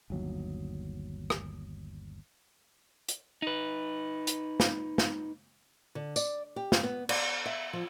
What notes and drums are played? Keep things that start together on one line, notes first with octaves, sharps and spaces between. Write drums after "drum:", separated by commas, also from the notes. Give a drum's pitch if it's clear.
G1 D#2 F#3
drum: rim click
drum: hi-hat
D#4 B4
drum: hi-hat
drum: snare
drum: snare
D3
D5, drum: tambourine
G4
drum: snare
B3
D5, drum: cymbal
E5
F3